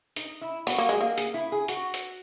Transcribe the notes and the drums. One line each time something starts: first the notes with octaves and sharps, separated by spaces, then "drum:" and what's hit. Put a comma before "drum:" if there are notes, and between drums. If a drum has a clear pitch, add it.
D#4, drum: hi-hat
E4
B3 F#4, drum: open hi-hat
A#3
G#3 G#4
A#3
G#4, drum: hi-hat
E4
G#4
F#4, drum: hi-hat
drum: hi-hat